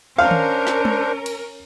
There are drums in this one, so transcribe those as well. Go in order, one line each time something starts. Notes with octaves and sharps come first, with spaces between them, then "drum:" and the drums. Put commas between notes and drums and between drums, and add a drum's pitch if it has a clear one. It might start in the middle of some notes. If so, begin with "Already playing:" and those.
C#4 D4 A#4 C5 F5
drum: tom D#3
drum: snare
drum: tom G#3
drum: cymbal